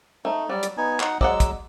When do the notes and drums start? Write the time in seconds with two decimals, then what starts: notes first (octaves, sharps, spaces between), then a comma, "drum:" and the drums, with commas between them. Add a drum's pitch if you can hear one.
0.25 A3 D#4
0.49 F#3 G3 D5
0.63 drum: hi-hat
0.77 B3 D#4 G#5
1.00 D#4 F#5, drum: clap
1.21 F#3 G#3 D5 D#5 F#5 E6, drum: kick
1.40 drum: kick, hi-hat